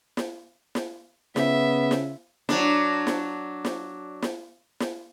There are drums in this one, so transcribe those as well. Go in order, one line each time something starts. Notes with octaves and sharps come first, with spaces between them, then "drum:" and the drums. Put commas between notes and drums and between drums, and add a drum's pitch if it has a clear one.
drum: snare
drum: snare
C#3 B3 E5, drum: snare
drum: snare
F#3 D4, drum: snare
drum: snare
drum: snare
drum: snare
drum: snare